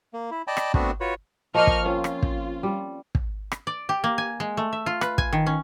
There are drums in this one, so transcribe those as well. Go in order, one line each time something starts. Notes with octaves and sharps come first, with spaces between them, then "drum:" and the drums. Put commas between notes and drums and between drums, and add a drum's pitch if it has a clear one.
A#3
E4
D5 D#5 G5 A5 B5
drum: rim click
A3 B3 C4 D4 F#4 B4, drum: kick
F4 F#4 B4 C#5
F3 A#3 C5 D#5 C#6 F6
drum: kick
C4 C#4 F4
drum: rim click
drum: kick
G3
drum: kick
drum: rim click
D5
G4
A#3
G#5
G#3
A3
E5
F4
B4, drum: rim click
G#5, drum: kick
D#3
C#4